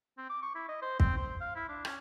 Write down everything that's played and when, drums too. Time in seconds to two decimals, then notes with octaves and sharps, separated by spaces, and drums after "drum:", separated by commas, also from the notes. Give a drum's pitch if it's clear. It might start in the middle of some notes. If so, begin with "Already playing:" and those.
0.18 C4
0.30 D6
0.43 C#6
0.56 E4
0.69 D#5
0.82 C5
1.00 C4, drum: kick
1.17 C5
1.41 F5
1.56 E4
1.69 D4
1.85 C#4, drum: rim click